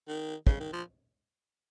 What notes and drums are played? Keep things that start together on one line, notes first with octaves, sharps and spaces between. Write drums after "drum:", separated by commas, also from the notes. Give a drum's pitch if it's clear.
D#3
C#3, drum: kick
D#3
F3